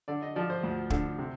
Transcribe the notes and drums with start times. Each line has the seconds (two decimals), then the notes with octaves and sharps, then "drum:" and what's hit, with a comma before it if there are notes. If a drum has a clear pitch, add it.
0.08 D3 D5
0.22 D#5
0.36 F3 D5
0.50 C5
0.63 D2
0.90 D3, drum: kick
1.18 C3